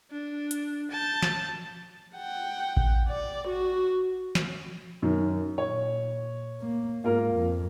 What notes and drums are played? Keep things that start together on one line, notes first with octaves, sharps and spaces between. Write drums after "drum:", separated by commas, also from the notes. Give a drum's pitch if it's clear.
D4
drum: hi-hat
A5 G6
drum: snare
F#5 G5
drum: kick A1
D5
F#4
drum: snare
F#2 D#3
A#2 C#5
A#3
G#2 A#3 F4 A#4
F2